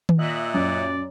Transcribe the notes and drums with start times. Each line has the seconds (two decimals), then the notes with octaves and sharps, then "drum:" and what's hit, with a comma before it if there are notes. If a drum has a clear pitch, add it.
0.09 drum: tom D#3
0.18 A#2 D#5 E5 F#6
0.54 F#2 D5